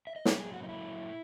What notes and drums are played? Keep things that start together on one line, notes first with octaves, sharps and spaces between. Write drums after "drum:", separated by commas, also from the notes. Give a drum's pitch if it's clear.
E5
D#5
A#2 F#3 C#5, drum: snare
G#4
F#4
D#4
E4